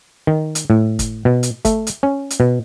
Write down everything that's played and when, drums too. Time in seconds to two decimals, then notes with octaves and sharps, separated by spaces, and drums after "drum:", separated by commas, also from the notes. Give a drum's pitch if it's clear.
0.27 D#3
0.55 drum: hi-hat
0.70 A2
0.99 drum: kick, hi-hat
1.25 B2
1.43 drum: hi-hat
1.65 A3, drum: kick, hi-hat
1.87 drum: hi-hat
2.03 C#4
2.30 drum: hi-hat
2.40 B2